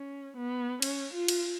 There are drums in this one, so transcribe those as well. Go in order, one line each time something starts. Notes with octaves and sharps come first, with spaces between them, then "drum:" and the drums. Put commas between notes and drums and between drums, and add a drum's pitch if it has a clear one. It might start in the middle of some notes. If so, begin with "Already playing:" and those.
Already playing: C#4
B3
C#4, drum: cymbal
F4
drum: cymbal